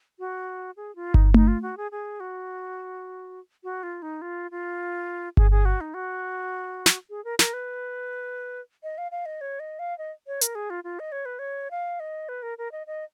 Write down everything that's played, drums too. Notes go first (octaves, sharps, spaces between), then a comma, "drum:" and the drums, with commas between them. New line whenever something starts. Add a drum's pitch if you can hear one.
F#4
G#4
F4
D#4, drum: kick G1
D#4, drum: tom A3
F4
F#4
G#4
G#4
F#4
F#4
F4
D#4
F4
F4
G#4, drum: kick G1
G#4
F#4
D#4
F#4
drum: snare
G#4
A#4
A#4, drum: snare
B4
D#5
F5
F5
D#5
C#5
D#5
F5
D#5
C#5
A#4, drum: hi-hat
G#4
F4
F4
D#5
C#5
B4
C#5
F5
D#5
B4
A#4
A#4
D#5
D#5